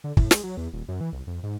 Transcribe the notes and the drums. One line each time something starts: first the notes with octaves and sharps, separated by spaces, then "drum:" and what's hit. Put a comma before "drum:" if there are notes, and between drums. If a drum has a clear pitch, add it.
D3
A2, drum: kick
G#3, drum: snare
F#3
E2
D#1
F#2
E3
C2
F2
G#2